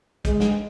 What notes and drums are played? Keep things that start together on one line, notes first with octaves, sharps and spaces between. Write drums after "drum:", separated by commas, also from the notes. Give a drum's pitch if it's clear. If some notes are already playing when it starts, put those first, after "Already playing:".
G#3, drum: kick, hi-hat
drum: snare